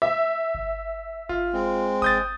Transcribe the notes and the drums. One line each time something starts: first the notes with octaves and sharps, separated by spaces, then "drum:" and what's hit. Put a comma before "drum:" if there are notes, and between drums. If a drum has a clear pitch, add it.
E5
drum: kick G1
F4, drum: kick G1
G#3 C4
D#6 G6 A6, drum: kick G1